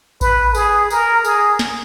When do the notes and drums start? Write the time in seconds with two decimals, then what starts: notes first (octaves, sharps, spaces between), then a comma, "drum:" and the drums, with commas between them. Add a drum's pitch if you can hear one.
0.21 B4, drum: kick A1, tambourine
0.55 G#4, drum: tambourine
0.90 A#4, drum: tambourine
1.24 G#4, drum: tambourine
1.59 drum: snare